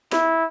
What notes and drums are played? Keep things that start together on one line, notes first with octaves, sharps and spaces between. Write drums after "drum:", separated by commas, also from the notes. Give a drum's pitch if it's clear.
E4, drum: snare